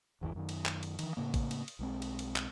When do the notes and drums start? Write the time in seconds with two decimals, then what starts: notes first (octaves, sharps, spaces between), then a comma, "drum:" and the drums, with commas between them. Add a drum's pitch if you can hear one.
0.21 G#1 E2 D#3 E3
0.35 F#2 D#3
0.49 drum: cymbal
0.66 drum: clap
0.83 drum: cymbal
0.99 D#3 E3, drum: cymbal
1.17 A2 C#3 A#3
1.34 drum: kick A1, cymbal
1.51 drum: cymbal
1.68 drum: cymbal
1.79 B1 G#3 C4
2.02 drum: cymbal
2.19 drum: cymbal
2.36 drum: clap